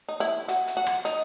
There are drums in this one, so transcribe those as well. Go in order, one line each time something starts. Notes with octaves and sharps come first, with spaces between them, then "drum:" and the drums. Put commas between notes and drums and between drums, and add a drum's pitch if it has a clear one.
D#4
E4
F#4, drum: hi-hat
drum: hi-hat
F#4
drum: rim click
D#4, drum: hi-hat